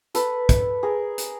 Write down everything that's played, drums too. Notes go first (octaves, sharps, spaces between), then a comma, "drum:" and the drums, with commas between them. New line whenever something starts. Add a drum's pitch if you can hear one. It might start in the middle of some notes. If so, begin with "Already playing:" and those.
A4 B4, drum: hi-hat
drum: kick, hi-hat
G#4 A#4
drum: hi-hat